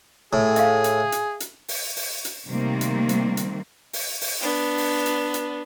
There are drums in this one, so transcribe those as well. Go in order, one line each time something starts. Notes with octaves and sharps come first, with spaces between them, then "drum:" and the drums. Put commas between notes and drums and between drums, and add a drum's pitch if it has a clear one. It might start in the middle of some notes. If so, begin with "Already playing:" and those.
A2 G#4
E5 F5, drum: hi-hat
drum: hi-hat
drum: hi-hat
drum: hi-hat
drum: open hi-hat
drum: open hi-hat
drum: hi-hat
C3 D#3 G3 A3 A#3 C4
drum: hi-hat
drum: hi-hat
drum: hi-hat
drum: open hi-hat
drum: open hi-hat
B3 D4
drum: open hi-hat
drum: hi-hat
drum: hi-hat